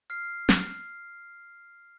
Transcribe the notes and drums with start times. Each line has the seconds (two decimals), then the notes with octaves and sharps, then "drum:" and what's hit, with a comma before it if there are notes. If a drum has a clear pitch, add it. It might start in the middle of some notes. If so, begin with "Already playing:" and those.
0.10 F6 C7
0.49 drum: snare